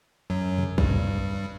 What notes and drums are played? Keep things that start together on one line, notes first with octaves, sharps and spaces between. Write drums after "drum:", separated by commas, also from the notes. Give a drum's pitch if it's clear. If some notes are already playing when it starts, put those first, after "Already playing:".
F#2 F#3
drum: tom B2
G2 G3, drum: kick